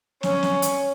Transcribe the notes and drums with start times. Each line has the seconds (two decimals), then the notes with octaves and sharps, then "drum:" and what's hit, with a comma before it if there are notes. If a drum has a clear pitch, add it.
0.23 C#4, drum: snare
0.43 drum: snare
0.62 drum: hi-hat